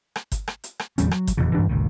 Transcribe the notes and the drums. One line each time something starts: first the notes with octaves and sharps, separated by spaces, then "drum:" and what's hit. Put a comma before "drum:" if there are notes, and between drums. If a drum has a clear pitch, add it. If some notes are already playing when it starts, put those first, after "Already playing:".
drum: rim click
drum: kick G1, hi-hat
drum: rim click
drum: hi-hat
drum: rim click
D1 E2 G3 C#4, drum: hi-hat
F#3, drum: rim click
drum: kick G1, hi-hat
F1 E2 A#2 C#3
G2 E3 D4
G1 C#2 A#2 D#3